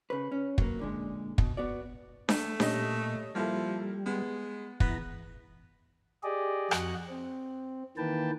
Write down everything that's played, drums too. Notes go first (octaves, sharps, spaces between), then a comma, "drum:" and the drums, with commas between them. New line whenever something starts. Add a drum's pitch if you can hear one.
C#3 B4
C#4
F#3 A#3, drum: kick
A#2 D3 G#3
B2, drum: kick
B3 F#4 D5
A3, drum: snare D4
A#2 G3 C#4 D#5, drum: snare D4
F3 G3 A#3 E4 A4
G#3 B3
E3 B3 A#5, drum: kick
G4 G#4 D5 D#5
F2 F#4 D#5 F#5 F#6, drum: rim click
C4
D#3 E3 A#3 B4 G5 A5